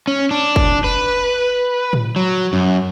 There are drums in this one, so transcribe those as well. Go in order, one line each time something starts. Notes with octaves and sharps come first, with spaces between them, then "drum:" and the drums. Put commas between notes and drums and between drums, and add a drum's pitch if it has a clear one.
C#4
D4
drum: kick
B4
drum: tom A2
F#3
F#2